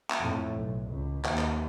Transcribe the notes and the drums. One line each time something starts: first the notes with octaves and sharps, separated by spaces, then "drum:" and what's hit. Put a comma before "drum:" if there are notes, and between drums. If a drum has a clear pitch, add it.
drum: clap
F2 A2
B1
C#2
D#2, drum: clap
drum: clap